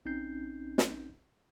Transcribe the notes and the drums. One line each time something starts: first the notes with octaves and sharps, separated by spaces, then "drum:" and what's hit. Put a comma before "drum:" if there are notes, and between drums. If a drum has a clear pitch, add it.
A#1 C4 C#4 D#4 G6 C7
drum: snare